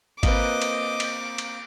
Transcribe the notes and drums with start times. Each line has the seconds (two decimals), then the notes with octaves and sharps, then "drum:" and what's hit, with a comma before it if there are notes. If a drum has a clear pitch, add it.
0.23 A#3 C4 F4 B4 D#5 D6, drum: kick G#1, cymbal
0.62 drum: cymbal
1.00 drum: cymbal
1.38 drum: cymbal